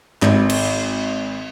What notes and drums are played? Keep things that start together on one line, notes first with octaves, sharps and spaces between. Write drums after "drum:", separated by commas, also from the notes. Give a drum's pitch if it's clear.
G#1, drum: clap
drum: cymbal